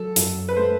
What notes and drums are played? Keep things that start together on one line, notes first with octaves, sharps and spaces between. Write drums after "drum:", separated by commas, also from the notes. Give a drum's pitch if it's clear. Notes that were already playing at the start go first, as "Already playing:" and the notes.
Already playing: F#3 A4
F#2, drum: hi-hat
B4
A3 C5